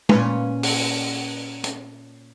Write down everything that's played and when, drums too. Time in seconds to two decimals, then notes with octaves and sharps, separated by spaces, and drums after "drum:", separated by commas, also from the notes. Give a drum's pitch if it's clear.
0.09 A#2 C#4 B4, drum: tom
0.63 drum: open hi-hat
1.64 drum: hi-hat